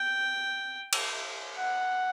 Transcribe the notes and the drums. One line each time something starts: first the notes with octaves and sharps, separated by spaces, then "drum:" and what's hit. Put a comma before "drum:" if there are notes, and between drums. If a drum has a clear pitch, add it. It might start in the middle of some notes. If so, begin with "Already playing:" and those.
Already playing: G5
drum: cymbal
F#5